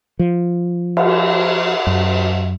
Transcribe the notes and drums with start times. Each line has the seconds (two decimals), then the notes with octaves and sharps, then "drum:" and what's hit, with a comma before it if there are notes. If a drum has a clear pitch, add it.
0.19 F3
0.97 drum: cymbal
1.87 F#2